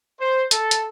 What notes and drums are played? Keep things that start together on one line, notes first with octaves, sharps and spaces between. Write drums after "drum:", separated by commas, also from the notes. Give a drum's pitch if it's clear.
C5
A4, drum: hi-hat
drum: hi-hat